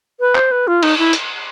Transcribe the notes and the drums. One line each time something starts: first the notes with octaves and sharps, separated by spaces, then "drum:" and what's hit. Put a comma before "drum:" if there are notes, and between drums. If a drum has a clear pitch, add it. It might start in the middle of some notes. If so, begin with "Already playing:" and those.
B4
C5, drum: clap
B4
F4
D#4, drum: cymbal
E4
drum: hi-hat